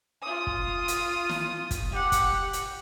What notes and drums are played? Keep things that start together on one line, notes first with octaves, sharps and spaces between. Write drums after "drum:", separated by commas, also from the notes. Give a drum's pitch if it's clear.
F4 D#6
drum: kick
drum: hi-hat
drum: snare
drum: kick, hi-hat
G4 F#5
drum: kick, hi-hat
drum: hi-hat